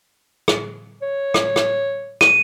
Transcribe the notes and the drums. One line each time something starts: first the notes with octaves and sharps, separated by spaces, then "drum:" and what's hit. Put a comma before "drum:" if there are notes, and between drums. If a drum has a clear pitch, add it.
drum: rim click
C#5
drum: rim click
drum: rim click
D#7, drum: rim click